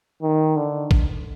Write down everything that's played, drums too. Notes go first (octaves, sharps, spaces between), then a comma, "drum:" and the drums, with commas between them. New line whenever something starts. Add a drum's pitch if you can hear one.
D#3
D3
drum: kick